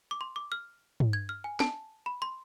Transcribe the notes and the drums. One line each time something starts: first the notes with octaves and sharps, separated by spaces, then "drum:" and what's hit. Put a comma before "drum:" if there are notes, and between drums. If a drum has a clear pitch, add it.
D6
C6
D6
F6
drum: tom
G#6
F6
G#5
A5, drum: snare
B5
C6